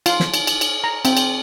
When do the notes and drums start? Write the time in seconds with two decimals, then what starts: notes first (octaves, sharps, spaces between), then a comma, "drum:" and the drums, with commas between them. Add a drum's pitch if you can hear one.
0.06 F4, drum: cymbal
0.20 drum: snare
0.34 drum: cymbal
0.47 drum: cymbal
0.61 drum: cymbal
0.84 A#5
1.05 C4, drum: cymbal
1.17 drum: cymbal